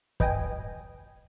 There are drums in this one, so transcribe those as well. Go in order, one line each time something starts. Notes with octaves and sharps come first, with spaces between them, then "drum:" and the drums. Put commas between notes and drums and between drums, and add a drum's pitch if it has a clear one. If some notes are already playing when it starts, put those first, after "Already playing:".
B4 D#5 G5 G#5, drum: kick